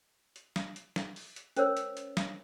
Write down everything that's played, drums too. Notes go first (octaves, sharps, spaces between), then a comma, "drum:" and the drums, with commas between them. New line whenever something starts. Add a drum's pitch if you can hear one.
drum: hi-hat
drum: snare
drum: hi-hat
drum: snare
drum: open hi-hat
drum: hi-hat
C#4 A#4 C5 C#5 E6, drum: hi-hat
drum: hi-hat
drum: hi-hat
drum: snare